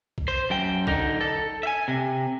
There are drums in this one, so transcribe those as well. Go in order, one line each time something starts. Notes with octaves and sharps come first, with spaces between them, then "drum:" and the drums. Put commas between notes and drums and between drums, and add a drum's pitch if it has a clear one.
drum: kick B1
C5
F#2 G5
D3 D#4, drum: kick B1
A4
E5 G#5
C3